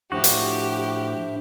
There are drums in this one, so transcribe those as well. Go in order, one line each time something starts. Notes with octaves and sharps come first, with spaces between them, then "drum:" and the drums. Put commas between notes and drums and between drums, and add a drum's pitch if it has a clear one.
A2 F3 D4 F#4 G4 C5 E5
drum: hi-hat